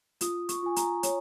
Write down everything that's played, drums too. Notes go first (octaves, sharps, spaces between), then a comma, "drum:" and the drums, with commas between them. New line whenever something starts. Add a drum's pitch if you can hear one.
F4 D#6, drum: hi-hat
C#6, drum: hi-hat
F4 G#5
A#5, drum: hi-hat
C#5, drum: hi-hat